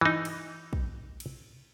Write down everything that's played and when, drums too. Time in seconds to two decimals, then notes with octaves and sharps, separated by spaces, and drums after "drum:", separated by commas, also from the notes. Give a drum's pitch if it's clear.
0.01 E3 D#4
0.25 drum: cymbal
0.73 drum: kick
1.20 drum: cymbal